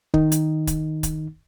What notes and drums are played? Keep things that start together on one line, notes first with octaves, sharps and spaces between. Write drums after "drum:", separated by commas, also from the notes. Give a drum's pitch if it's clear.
D#3 D#4, drum: kick
drum: hi-hat
drum: kick, hi-hat
drum: kick, hi-hat